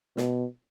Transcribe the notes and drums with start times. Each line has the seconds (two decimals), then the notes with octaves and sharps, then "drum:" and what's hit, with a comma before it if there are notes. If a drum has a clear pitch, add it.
0.17 B2, drum: snare